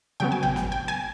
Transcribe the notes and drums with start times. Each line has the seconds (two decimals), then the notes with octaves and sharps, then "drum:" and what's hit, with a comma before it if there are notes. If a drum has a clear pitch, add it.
0.20 C#3 F#3 B3 G5
0.32 G#5
0.43 G5, drum: tom
0.56 drum: snare
0.72 G5
0.88 G#5